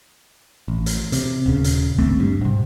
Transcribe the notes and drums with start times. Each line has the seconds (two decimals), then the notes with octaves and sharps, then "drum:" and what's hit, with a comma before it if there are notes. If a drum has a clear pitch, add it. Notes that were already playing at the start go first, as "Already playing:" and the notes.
0.68 A1
0.86 drum: hi-hat
1.12 C3, drum: hi-hat
1.46 D#1 C#3
1.64 drum: hi-hat
1.98 G#1 D2 A3 C4
2.20 G2
2.41 G#2 C3